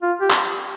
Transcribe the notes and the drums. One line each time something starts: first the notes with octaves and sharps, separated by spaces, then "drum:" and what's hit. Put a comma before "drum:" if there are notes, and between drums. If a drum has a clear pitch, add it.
F4
G4
drum: clap